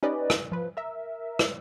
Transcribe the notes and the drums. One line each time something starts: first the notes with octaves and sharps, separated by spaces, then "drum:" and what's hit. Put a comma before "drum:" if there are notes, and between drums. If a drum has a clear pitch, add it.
C#4 D#4 G4 B4 D5 D#5
drum: rim click
F3 B4
A#4 E5
drum: rim click